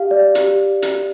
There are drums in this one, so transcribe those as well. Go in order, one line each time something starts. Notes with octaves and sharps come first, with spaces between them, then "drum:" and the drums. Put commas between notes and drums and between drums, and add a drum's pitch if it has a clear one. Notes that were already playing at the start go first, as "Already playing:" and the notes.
Already playing: G4 F5
D5
G4, drum: hi-hat
drum: hi-hat